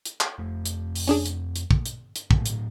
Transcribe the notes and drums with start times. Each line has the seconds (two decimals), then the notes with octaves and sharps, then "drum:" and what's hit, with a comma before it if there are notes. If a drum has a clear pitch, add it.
0.05 drum: hi-hat
0.20 drum: clap
0.39 F2 A3
0.65 drum: hi-hat
0.96 drum: open hi-hat
1.08 C#4 D4 G#4
1.26 drum: hi-hat
1.56 drum: hi-hat
1.71 drum: kick
1.86 drum: hi-hat
2.16 drum: hi-hat
2.31 A2 F#3, drum: kick
2.46 drum: hi-hat